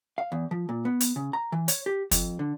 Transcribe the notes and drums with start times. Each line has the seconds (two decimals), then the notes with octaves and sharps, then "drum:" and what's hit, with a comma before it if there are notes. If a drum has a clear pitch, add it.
0.18 F5
0.32 E2
0.51 F3
0.69 A#2
0.85 B3
1.00 drum: hi-hat
1.16 C#3
1.33 A#5
1.52 E3
1.68 C#5, drum: hi-hat
1.86 G4
2.11 F2, drum: kick, hi-hat
2.39 D3